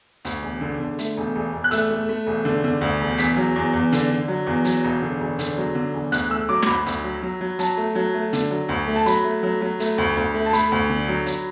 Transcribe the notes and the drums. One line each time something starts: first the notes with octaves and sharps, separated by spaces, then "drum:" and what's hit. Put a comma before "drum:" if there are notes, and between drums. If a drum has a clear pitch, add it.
D2, drum: hi-hat
E1
D3
D3
A3, drum: hi-hat
E1
E1
E1
F#6
A3 E6, drum: hi-hat
A3
A3
E1
D3
D3
D2
E1
E2 B6, drum: hi-hat
F#3
E2
E2
D3, drum: hi-hat
D3
F#3
E2
F#3, drum: hi-hat
E1
D3
E1
D3, drum: hi-hat
F#3
D3
E1
D2 F#6, drum: hi-hat
A3 E6
F#3 D6
D6, drum: snare
D2 B5
D2, drum: hi-hat
F#3
F#3
F#3
F#3 A5, drum: hi-hat
A3
F#3
A3
D3, drum: hi-hat
F#3
D2
A3
A5
F#3 B5, drum: hi-hat
A3
F#3
F#3
A3, drum: hi-hat
D2
D2
A3
A5
A3 B5, drum: hi-hat
D2
D3
F#3
F#3, drum: hi-hat